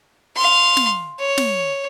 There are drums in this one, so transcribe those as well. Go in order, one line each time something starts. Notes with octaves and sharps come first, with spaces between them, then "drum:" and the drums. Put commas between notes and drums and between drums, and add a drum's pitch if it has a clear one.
F5 C6
drum: snare
C#5
drum: snare